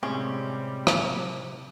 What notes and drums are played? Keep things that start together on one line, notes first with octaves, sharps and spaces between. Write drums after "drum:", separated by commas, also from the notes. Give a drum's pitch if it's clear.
A2 C3 G3 G#3 C4 C#4 G4
drum: rim click